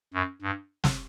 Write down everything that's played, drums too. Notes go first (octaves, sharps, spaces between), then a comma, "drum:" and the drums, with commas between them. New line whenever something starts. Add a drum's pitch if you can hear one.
F#2
G2
drum: snare